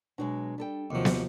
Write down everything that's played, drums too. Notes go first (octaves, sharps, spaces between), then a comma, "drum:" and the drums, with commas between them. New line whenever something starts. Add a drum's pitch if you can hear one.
B2 F#3 G#3 D4
G3 A4 G5
D#2 C3 F3 F#3
drum: snare B3